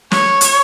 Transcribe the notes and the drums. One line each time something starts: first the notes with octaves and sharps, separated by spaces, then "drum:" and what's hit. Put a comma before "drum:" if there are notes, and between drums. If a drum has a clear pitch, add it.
C#5, drum: snare
drum: hi-hat